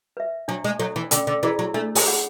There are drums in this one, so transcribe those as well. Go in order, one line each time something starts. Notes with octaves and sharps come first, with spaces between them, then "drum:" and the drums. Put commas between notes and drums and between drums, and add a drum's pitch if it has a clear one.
B4 E5
F#3 D4
G#3
F#3 A4 C#5
E3
D3 C#4, drum: hi-hat
D3
E3 E4 G#4 D5
F#3
A3 D4
G#3, drum: open hi-hat
G#4 C#5 F#5 B5